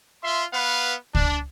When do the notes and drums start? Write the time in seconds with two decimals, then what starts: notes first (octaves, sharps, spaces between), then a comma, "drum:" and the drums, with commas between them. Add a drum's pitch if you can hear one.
0.24 F4 E5 C6
0.53 B3 B4 F5 F#5
1.15 D4, drum: kick